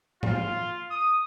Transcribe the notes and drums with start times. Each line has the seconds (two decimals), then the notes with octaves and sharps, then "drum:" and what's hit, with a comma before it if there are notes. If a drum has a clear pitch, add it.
0.23 F4, drum: tom G#2
0.91 D#6